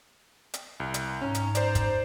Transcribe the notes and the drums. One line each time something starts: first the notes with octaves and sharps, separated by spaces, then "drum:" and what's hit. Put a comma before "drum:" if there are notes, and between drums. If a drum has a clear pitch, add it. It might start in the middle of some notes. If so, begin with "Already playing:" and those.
drum: hi-hat
C2
drum: hi-hat
G#2 C#4 A#5
drum: hi-hat
C5 D5, drum: hi-hat
drum: kick, hi-hat